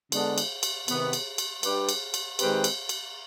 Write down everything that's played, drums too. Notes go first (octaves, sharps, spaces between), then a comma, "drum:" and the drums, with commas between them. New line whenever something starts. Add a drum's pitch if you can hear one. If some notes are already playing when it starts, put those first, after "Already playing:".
D3 G#3 B3 D4, drum: cymbal
drum: cymbal
drum: cymbal
C3 D#3 B3, drum: cymbal
drum: cymbal
drum: cymbal
G3 D4 G4 B4, drum: cymbal
drum: cymbal
drum: cymbal
D#3 G#3 C4 G4 B4, drum: cymbal
drum: cymbal
drum: cymbal